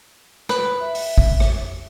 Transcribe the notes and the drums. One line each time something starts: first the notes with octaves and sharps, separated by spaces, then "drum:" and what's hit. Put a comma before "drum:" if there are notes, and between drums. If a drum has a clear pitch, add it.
B4, drum: rim click
E5
drum: open hi-hat
drum: kick
drum: rim click